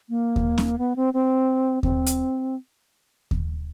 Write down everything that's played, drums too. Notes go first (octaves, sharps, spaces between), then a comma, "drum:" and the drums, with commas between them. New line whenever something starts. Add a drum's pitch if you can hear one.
A#3
drum: kick D#2
drum: snare
B3
C4
C4
C4, drum: kick D#2
drum: hi-hat
drum: kick D#2